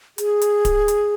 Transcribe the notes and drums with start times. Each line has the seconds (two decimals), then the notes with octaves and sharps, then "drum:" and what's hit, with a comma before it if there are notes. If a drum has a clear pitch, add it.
0.18 G#4, drum: hi-hat
0.41 drum: hi-hat
0.65 drum: kick D1, hi-hat
0.88 drum: hi-hat